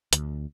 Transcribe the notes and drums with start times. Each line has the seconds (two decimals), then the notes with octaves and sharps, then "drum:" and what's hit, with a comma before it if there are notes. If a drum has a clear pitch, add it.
0.13 D2, drum: hi-hat